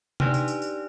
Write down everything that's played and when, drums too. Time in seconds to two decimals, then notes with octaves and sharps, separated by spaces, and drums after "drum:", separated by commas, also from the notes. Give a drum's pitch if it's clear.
0.20 D4 D#4 G4 B4 D5, drum: tom C3
0.34 drum: tambourine
0.48 drum: tambourine
0.62 drum: tambourine